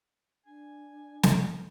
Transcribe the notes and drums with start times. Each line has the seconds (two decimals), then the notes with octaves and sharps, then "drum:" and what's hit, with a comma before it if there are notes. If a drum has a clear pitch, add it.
0.46 D4 G#5
1.23 drum: snare